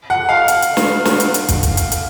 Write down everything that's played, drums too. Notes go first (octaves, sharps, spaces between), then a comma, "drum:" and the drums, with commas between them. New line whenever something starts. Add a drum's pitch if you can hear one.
F#5
F5
drum: hi-hat
drum: hi-hat
drum: snare
drum: snare
drum: hi-hat
drum: hi-hat
drum: kick, hi-hat
drum: kick, hi-hat
drum: hi-hat
drum: hi-hat